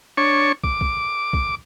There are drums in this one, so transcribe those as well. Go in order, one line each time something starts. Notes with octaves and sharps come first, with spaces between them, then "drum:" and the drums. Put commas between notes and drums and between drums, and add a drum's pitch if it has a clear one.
D4 C#5 C#6
D6, drum: kick
drum: kick
drum: kick